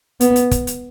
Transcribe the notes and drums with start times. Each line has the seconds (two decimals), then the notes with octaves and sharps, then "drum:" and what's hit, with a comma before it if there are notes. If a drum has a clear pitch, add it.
0.21 B3, drum: hi-hat
0.36 drum: hi-hat
0.51 drum: kick, hi-hat
0.67 drum: hi-hat